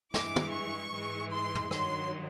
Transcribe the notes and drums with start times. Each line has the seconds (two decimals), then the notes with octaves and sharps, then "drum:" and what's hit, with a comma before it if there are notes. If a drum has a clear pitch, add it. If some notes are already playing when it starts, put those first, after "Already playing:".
0.14 G2 E3 G#3 D6, drum: snare
0.36 drum: tom
0.53 C#6
0.92 G#2 E3 G#3
1.32 C6
1.55 drum: tom
1.71 G2 D#3 F#3 C6, drum: rim click